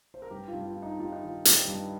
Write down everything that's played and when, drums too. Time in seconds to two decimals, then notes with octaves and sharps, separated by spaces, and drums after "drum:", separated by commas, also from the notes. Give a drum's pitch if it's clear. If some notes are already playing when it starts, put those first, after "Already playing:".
0.14 C5
0.22 A#4
0.30 G2 G4
0.48 F4
0.53 G2
0.65 F4
0.77 G3
0.82 D#4
0.99 G3 F4
1.12 D#4
1.23 D#3 F4
1.45 G3, drum: hi-hat
1.67 G2